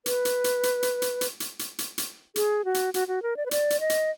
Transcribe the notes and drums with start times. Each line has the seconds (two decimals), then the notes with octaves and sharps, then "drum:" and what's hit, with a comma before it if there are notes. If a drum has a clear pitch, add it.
0.06 B4, drum: hi-hat
0.25 drum: hi-hat
0.44 drum: hi-hat
0.63 drum: hi-hat
0.83 drum: hi-hat
1.02 drum: hi-hat
1.21 drum: hi-hat
1.40 drum: hi-hat
1.59 drum: hi-hat
1.78 drum: hi-hat
1.98 drum: hi-hat
2.36 G#4, drum: hi-hat
2.65 F#4
2.74 drum: hi-hat
2.94 F#4, drum: hi-hat
3.08 F#4
3.22 A#4
3.37 D5
3.46 B4
3.51 D5, drum: hi-hat
3.70 drum: hi-hat
3.80 D#5
3.90 drum: hi-hat